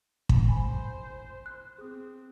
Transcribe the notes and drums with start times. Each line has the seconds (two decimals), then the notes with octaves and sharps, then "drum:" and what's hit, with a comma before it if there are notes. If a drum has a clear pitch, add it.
0.29 drum: kick
0.49 C5 G#5 B5
1.46 F#6
1.78 C4 G#4 D#6